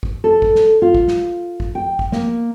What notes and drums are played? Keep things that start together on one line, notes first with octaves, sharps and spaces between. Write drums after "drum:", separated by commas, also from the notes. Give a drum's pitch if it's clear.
drum: kick
A4
drum: kick
drum: snare
F4
drum: kick
drum: snare
drum: kick
G5
drum: kick
A#3, drum: snare